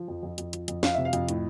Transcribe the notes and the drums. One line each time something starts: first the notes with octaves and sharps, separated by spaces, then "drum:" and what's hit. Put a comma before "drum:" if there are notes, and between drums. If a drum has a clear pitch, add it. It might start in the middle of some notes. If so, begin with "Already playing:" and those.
Already playing: F3
F2
F2
F2, drum: hi-hat
F3, drum: hi-hat
F2, drum: hi-hat
F2 F5, drum: snare
C3 E5
F5
F2, drum: hi-hat
A2, drum: hi-hat